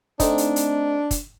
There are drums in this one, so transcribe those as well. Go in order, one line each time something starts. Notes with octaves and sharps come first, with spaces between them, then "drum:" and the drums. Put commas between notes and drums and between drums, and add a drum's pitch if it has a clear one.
A3 C4 D4 D#4, drum: kick, hi-hat
drum: hi-hat
drum: hi-hat
drum: kick, hi-hat